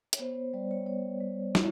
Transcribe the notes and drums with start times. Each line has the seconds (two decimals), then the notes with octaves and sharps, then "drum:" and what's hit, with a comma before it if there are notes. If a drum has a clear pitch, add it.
0.13 C#5, drum: hi-hat
0.19 B3 C5
0.53 G3 D5
0.71 C#5
0.86 B3 C#5
1.21 G3
1.55 E4, drum: snare